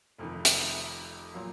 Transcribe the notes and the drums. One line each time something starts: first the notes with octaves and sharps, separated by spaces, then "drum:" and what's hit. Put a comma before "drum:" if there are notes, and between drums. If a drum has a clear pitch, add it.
F1 F2 C3 D#3
drum: hi-hat
A#2 F#3 A#3